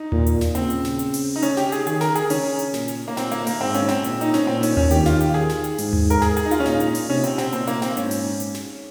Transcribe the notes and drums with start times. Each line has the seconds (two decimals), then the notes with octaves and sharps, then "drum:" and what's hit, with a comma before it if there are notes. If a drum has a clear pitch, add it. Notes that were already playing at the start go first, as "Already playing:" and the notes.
Already playing: D#4
0.12 A#2, drum: tom D#2
0.26 drum: hi-hat
0.41 drum: snare
0.55 C#3 C4, drum: hi-hat
0.70 drum: hi-hat
0.85 drum: snare
0.99 drum: hi-hat
1.14 drum: open hi-hat
1.36 D#4
1.42 C#4, drum: hi-hat
1.57 G4, drum: snare
1.72 G#4, drum: hi-hat
1.87 D#3 G#4, drum: hi-hat
2.01 A#4, drum: snare
2.15 G#4, drum: hi-hat
2.30 C#3 C#4, drum: open hi-hat
2.59 drum: hi-hat
2.74 A#2, drum: snare
2.88 drum: hi-hat
3.08 A#3
3.17 A#2 C4, drum: snare
3.31 A#3, drum: hi-hat
3.47 A#3, drum: open hi-hat
3.60 G#2 C4
3.74 C#4, drum: hi-hat
3.88 C4, drum: snare
4.04 A#2, drum: hi-hat
4.21 D#4, drum: hi-hat
4.34 C#4, drum: snare
4.47 A#2 C4
4.63 C#4, drum: open hi-hat
4.77 C#4, drum: tom D#2
4.91 D#3 G4, drum: hi-hat
5.06 F4, drum: snare
5.21 G4, drum: hi-hat
5.34 G#4
5.49 drum: snare
5.64 drum: hi-hat
5.78 G#2, drum: open hi-hat
5.93 drum: tom D#2
6.10 A#4, drum: hi-hat
6.22 G#4, drum: snare
6.37 G#4, drum: hi-hat
6.45 D#4
6.51 F4, drum: hi-hat
6.60 C#4
6.65 A#2 D#4, drum: snare
6.80 drum: hi-hat
6.95 drum: open hi-hat
7.09 C3 C#4
7.24 C4, drum: hi-hat
7.38 C4, drum: snare
7.53 A#2 C4, drum: hi-hat
7.67 A#3, drum: hi-hat
7.82 C4, drum: snare
7.97 G#2 C#4, drum: hi-hat
8.11 drum: open hi-hat
8.40 drum: hi-hat
8.54 drum: snare